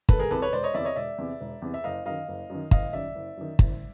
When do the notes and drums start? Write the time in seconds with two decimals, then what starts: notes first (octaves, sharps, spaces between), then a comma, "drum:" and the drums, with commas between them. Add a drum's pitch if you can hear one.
0.09 E1 A4 B4, drum: kick
0.19 G#4 A#4
0.31 E2 C3 A4 B4
0.42 B4 C#5
0.53 E1 C5 D5
0.63 C#5 D#5
0.74 E2 C3 D5 E5
0.85 C#5 D#5
0.96 E1 D5 E5
1.18 E2 C3
1.41 E1
1.62 E2 C3
1.74 E5
1.84 F#1 D#5 F5
2.05 F#2 D#3 D#5 F5
2.28 F#1
2.50 F#2 D#3
2.71 F#1 D#5 F5, drum: kick
2.93 F#2 D#3 D5 E5
3.15 F#1
3.37 F#2 D#3
3.59 F#1, drum: kick